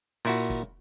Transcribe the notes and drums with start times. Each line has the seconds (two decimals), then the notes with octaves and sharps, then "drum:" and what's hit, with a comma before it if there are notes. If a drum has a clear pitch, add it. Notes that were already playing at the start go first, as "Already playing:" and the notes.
0.25 A#2 E4 F#4, drum: open hi-hat
0.50 drum: kick, hi-hat